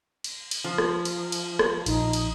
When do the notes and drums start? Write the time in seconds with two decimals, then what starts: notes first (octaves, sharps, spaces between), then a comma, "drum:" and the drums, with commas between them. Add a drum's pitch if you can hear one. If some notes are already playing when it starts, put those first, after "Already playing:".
0.24 drum: cymbal
0.51 drum: cymbal
0.64 F3
0.78 drum: rim click
1.05 drum: cymbal
1.32 drum: cymbal
1.59 drum: rim click
1.86 A#1 D#4, drum: cymbal
2.13 drum: cymbal